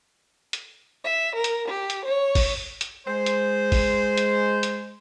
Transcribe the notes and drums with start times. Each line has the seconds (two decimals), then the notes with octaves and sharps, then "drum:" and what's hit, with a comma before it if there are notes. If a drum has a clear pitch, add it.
0.53 drum: hi-hat
1.03 E5
1.34 A#4
1.44 drum: hi-hat
1.67 G4
1.90 drum: hi-hat
2.04 C#5
2.35 drum: kick, open hi-hat
2.81 drum: hi-hat
3.07 G#3 C5
3.26 drum: hi-hat
3.72 drum: kick, open hi-hat
4.18 drum: hi-hat
4.63 drum: hi-hat